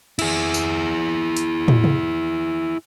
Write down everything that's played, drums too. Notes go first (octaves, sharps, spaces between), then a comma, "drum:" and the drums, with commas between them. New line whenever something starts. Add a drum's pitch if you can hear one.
E4 G#4, drum: cymbal
drum: tambourine
drum: hi-hat
drum: tom
drum: tom C3